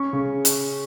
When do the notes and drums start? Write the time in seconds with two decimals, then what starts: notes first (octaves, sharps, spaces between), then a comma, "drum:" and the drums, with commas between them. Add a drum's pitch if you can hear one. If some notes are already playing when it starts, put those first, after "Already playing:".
Already playing: C#4 C#6
0.13 C#3
0.45 drum: hi-hat